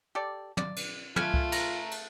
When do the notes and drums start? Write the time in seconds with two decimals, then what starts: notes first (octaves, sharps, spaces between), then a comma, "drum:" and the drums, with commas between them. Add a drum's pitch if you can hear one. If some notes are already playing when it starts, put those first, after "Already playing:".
0.15 G4 A4 D5
0.57 D5, drum: tom
0.76 drum: cymbal
1.16 A3 F4 A4 B4 G#5 F6, drum: tom
1.34 drum: kick C2
1.52 A#5, drum: cymbal
1.91 drum: cymbal